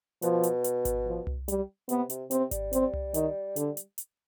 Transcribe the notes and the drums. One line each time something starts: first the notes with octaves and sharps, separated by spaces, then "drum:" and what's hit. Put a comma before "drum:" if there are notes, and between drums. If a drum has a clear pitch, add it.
B2 F3, drum: hi-hat
drum: hi-hat
drum: hi-hat
drum: kick G#1, hi-hat
F3
drum: tom C2
G3, drum: hi-hat
C3 B3, drum: hi-hat
C3, drum: hi-hat
C3 C4, drum: hi-hat
G3, drum: kick G#1, hi-hat
C4, drum: hi-hat
drum: tom C2
D#3, drum: hi-hat
D3, drum: hi-hat
drum: hi-hat
drum: hi-hat